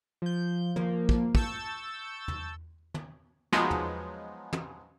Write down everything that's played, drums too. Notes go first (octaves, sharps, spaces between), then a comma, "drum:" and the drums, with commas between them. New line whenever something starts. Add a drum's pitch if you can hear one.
F3 G6
F3 A#3, drum: tom
drum: kick
A5 C#6 E6 G6 A6, drum: kick
drum: tom
drum: tom
F3 F#3 G#3 B3 D#4, drum: snare
drum: tom
drum: tom